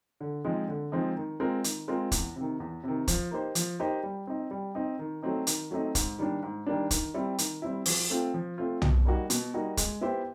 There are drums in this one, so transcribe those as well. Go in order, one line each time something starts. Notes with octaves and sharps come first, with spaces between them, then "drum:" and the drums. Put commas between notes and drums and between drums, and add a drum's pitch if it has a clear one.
D3
F3 G#3 C4 D#4
D3
F3 G#3 C4 D#4
D#3
G#3 C4 F4 A#4
D#3, drum: hi-hat
G#3 C4 F4 A#4
E2, drum: kick, hi-hat
C3 D#3
E2
C3 D#3
F3, drum: kick, hi-hat
A#3 D#4 G4 C5
F3, drum: hi-hat
A#3 D#4 G4 C5
G3
C4 D#4
G3
C4 D#4
D#3
F#3 A3 C4 D#4
D#3, drum: hi-hat
F#3 A3 C4 D#4
G#2, drum: kick, hi-hat
D#3 G3 A#3 D4
G#2
D#3 G3 A#3 D4
D#3, drum: kick, hi-hat
G3 C4 E4
D#3, drum: hi-hat
G3 C4 E4
F3, drum: open hi-hat
A3 C4 F4
F3
A3 C4 F4
B2, drum: tom
G3 A#3 D#4 F#4
B2, drum: hi-hat
G3 A#3 D#4 F#4
G#3, drum: kick, hi-hat
B3 E4 G4 C5